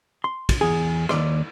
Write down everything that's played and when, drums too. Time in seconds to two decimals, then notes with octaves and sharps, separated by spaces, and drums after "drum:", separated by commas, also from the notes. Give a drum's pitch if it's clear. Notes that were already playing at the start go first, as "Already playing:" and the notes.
0.24 C6
0.49 drum: kick, cymbal
0.61 E2 G#4
1.09 D#2 C#3 D5 C6, drum: rim click